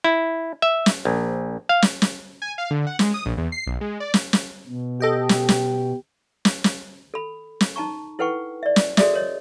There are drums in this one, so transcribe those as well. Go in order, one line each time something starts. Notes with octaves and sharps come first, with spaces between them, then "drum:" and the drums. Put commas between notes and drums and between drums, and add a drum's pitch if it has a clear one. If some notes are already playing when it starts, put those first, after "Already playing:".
E4
E5
drum: snare
A#1
F5
drum: snare
drum: snare
G#5
F5
D3
F#5
G#3, drum: snare
D#6
A#1
E2
C7
B1
G#3
D5
drum: snare
drum: snare
B2
G4 A4 D#5 G5
drum: snare
drum: snare
drum: snare
drum: snare
A4 B5
drum: snare
D#4 A5 A#5 C#6
E4 A4 B4 F#5 G5 C#6
D5 E5
drum: snare
F#4 G#4 A4 D5 E5 D#6, drum: snare
A#4 C#5 D#5